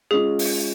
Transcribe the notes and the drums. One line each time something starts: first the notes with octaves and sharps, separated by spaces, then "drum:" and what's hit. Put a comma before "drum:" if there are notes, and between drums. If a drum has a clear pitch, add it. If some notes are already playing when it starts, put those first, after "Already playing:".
G#3 C#4 F4 G#4
drum: open hi-hat